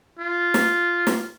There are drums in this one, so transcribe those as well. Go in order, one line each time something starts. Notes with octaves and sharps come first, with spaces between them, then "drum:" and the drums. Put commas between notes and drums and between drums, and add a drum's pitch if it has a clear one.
F4
drum: snare
drum: snare